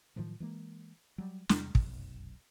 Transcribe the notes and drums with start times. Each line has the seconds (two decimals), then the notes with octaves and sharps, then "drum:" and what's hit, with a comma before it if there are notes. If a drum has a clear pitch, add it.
0.16 A2 D#3 F3 F#3
0.40 E3 G#3 A#3
1.18 F#3 G3
1.49 E2 C3 G3 G#3, drum: snare
1.75 F1 B1 F#2, drum: kick